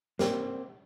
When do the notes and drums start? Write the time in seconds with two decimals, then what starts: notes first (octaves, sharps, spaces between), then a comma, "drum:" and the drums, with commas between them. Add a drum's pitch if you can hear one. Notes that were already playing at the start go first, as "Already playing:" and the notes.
0.19 A#3 C4, drum: snare